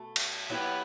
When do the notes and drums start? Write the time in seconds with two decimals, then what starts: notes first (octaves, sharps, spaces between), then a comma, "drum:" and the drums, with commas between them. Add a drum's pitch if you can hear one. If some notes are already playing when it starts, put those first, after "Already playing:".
Already playing: B2 A3
0.16 drum: cymbal
0.50 F#3 B3 E4 G4